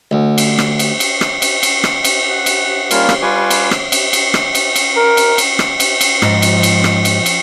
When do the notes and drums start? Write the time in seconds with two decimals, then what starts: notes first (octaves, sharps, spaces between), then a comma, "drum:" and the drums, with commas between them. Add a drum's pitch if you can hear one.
0.11 D2
0.38 drum: cymbal
0.59 drum: rim click
0.79 drum: cymbal
1.00 drum: cymbal
1.21 drum: rim click
1.42 drum: cymbal
1.63 drum: cymbal
1.84 drum: rim click
2.04 drum: cymbal
2.29 F#5
2.46 drum: cymbal
2.91 G3 A#3 C#4 F4 A#4, drum: cymbal
3.09 drum: rim click
3.22 G3 F4 B4 G#5 C#6 D6
3.50 drum: cymbal
3.71 drum: rim click
3.92 drum: cymbal
4.13 drum: cymbal
4.34 drum: rim click
4.55 drum: cymbal
4.76 drum: cymbal
4.96 A#4
5.17 drum: cymbal
5.38 drum: cymbal
5.59 drum: rim click
5.80 drum: cymbal
6.01 drum: cymbal
6.22 G#2 F3, drum: rim click
6.42 drum: cymbal
6.63 drum: cymbal
6.84 drum: rim click
7.05 drum: cymbal
7.26 drum: cymbal